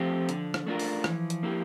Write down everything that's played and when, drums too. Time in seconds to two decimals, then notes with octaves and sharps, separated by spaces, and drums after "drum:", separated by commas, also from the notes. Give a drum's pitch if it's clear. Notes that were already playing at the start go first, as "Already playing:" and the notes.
Already playing: F3 A3 C4 G4
0.29 D3, drum: hi-hat
0.54 drum: rim click
0.67 A3 D4 F4 A#4
0.79 drum: open hi-hat
1.04 E3 F3, drum: rim click
1.30 drum: hi-hat
1.43 A#3 E4 G4